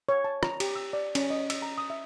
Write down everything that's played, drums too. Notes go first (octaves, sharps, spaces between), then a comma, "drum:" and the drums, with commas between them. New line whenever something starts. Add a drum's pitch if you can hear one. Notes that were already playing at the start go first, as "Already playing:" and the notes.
C#5
A5
A#5, drum: rim click
G4, drum: cymbal
E6
D5
C#4, drum: cymbal
D#5
E6, drum: cymbal
A#5
D#6
E5